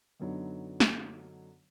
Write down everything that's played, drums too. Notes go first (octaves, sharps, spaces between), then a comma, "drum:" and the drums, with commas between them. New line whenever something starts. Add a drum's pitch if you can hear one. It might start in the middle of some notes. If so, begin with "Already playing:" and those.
F#2 D3 F#3 B3 D#4
drum: snare